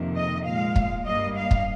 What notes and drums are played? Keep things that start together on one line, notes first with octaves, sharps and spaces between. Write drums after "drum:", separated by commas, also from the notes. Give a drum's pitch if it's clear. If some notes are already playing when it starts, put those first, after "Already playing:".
Already playing: F2 C3 D#3 A#3
D#5
A#2 G#3 F5
drum: kick
G2 G3 A#3 D#5
F5
drum: kick